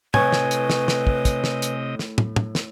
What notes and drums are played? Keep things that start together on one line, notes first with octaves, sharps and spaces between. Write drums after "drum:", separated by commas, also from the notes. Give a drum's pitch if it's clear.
A2 C3 B4 D#5 G#5 G#6, drum: tom
drum: snare
drum: hi-hat
drum: snare
drum: snare
drum: kick
drum: kick, hi-hat
drum: snare
drum: hi-hat
drum: snare
drum: tom
drum: tom
drum: snare